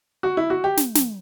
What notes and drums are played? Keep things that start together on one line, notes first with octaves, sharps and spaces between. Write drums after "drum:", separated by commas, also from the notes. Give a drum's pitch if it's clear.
F#4
E4
F#4
G4
drum: snare
drum: snare